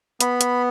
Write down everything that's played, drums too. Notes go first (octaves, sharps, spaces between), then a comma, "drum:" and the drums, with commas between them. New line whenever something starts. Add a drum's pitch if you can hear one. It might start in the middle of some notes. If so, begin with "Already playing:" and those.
B3 B5, drum: hi-hat
drum: hi-hat